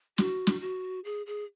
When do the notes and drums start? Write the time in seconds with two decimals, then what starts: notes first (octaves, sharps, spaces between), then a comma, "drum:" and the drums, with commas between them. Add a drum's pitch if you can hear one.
0.18 F#4, drum: snare
0.47 drum: snare
0.61 F#4
1.05 G#4
1.27 G#4